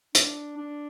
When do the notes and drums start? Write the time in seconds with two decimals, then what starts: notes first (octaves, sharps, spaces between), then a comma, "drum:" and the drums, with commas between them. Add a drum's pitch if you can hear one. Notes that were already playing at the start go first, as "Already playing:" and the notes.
0.15 D4, drum: hi-hat
0.57 D4